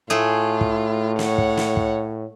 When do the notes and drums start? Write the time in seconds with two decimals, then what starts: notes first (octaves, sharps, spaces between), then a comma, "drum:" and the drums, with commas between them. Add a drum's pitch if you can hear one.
0.10 A2 A3 F4 G#4
0.61 drum: kick
1.19 C#5 F#5, drum: snare
1.38 drum: kick
1.57 drum: snare
1.77 drum: kick